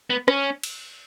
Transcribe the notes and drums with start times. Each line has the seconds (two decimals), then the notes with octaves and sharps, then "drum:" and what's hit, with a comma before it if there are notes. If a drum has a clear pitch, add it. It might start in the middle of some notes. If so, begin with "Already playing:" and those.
0.10 B3
0.28 C#4, drum: rim click
0.63 drum: cymbal